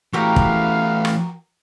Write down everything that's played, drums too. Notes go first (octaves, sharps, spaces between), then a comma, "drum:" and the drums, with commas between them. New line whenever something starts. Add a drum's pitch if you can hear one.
E3 A3 B3 F#4 G4 A#4 F5
drum: kick
drum: rim click